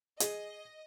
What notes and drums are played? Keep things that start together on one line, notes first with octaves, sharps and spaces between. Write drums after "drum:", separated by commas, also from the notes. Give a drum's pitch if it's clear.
G#4 D#5, drum: hi-hat